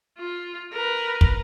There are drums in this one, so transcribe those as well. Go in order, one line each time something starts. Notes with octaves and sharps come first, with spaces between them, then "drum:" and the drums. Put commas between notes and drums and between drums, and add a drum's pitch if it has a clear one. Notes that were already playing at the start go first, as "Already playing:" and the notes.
F4
A#4 B4
drum: kick